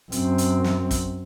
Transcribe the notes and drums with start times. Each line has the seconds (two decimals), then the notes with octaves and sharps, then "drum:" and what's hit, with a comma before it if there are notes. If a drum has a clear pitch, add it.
0.12 F#2 C4, drum: hi-hat
0.38 drum: hi-hat
0.64 drum: snare
0.91 drum: kick, hi-hat